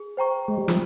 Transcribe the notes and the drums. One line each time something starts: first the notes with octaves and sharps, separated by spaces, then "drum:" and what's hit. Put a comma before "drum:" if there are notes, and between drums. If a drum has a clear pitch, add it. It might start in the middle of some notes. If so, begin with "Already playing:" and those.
Already playing: G#4
C5 G5 A#5 C#6
G#3 G#4
G3
F3, drum: snare